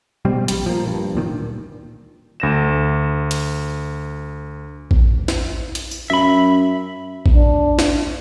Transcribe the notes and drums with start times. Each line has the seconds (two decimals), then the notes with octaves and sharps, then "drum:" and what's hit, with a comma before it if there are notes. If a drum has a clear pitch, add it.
0.25 B2 G3 C4
0.48 A#1 G3, drum: hi-hat
0.66 F3 A#3
0.87 G2
1.15 D1 A#2 D#3
2.40 D2 A#6 E7
3.31 drum: hi-hat
4.91 drum: kick A1
5.28 drum: snare
5.75 drum: hi-hat
5.91 drum: tambourine
6.10 F#2 E5 B5
7.26 drum: kick A1
7.36 D4
7.79 drum: snare